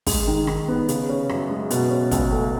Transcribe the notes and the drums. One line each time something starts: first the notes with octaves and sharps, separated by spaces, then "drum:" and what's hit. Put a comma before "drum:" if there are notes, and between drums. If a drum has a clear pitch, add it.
G#3, drum: kick, open hi-hat
D#3
D#3, drum: rim click
B3
C#3, drum: hi-hat
C#4
F#2, drum: rim click
G#3
B2, drum: hi-hat
C#4
C#2, drum: kick, hi-hat
A3